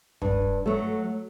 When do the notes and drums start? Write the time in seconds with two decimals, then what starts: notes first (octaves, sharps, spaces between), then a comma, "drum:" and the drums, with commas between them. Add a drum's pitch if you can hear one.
0.22 G2, drum: kick
0.66 F#3 A3